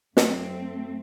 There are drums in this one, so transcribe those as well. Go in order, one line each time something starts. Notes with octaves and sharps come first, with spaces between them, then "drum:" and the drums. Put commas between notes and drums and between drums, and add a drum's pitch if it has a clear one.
F#2 A3 C4, drum: snare